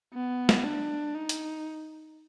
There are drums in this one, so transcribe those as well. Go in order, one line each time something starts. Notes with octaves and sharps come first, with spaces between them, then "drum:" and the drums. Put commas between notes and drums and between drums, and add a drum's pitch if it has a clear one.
B3
drum: snare
D4
D#4
drum: hi-hat